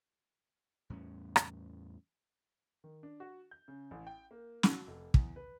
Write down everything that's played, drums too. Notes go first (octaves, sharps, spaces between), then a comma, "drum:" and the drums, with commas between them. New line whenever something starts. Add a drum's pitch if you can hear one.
E2 A2 G3 C#4
drum: rim click
D#3
D4
F#4
G6
C#3
A1
G5
A#3
F#4, drum: snare
F1
E2, drum: kick
B4